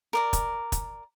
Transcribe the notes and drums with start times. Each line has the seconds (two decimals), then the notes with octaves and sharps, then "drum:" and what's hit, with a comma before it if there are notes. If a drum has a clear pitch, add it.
0.13 A#4 D5 A#5
0.33 drum: kick, hi-hat
0.72 drum: kick, hi-hat